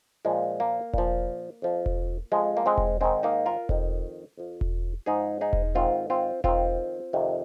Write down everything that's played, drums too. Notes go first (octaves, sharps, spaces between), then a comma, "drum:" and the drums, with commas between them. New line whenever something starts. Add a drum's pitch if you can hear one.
A#2 F3 G#3
A#3
A#2 F3, drum: kick E1
F2 F3
drum: kick E1
F2 F3 G#3
A#3
G#3 C4
drum: kick E1
G#2 D#3 G#3 C4
A#3 D#4
F4 A#4
F2 D#3, drum: kick E1
F2 F3
drum: kick E1
G#2 F3 D#4 G#4
D#4 G#4
drum: kick E1
G#2 D#3 C4 F4
C4 F4
F2 D#3 C4 F4, drum: kick E1
F2 C3 D#3